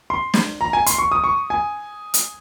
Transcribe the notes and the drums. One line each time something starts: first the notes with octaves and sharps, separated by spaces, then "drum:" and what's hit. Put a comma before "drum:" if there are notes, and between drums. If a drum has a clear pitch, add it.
C6
drum: snare
A#5
G#5
C6, drum: hi-hat
C#6
D#6
C#6
G#5
drum: hi-hat